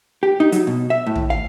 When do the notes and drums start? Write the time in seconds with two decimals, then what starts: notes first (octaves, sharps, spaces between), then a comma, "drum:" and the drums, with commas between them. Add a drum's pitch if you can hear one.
0.23 G4
0.40 D#4
0.52 F#3, drum: hi-hat
0.67 B2
0.90 E5
1.06 A2
1.16 drum: tom
1.30 F5